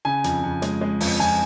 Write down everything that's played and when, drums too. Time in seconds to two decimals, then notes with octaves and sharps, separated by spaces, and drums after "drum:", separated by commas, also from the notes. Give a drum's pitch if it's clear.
0.05 C#3 G#5
0.24 F2, drum: hi-hat
0.43 F2
0.62 G#3, drum: hi-hat
0.81 G#3
1.00 F2, drum: open hi-hat
1.20 F2 G#5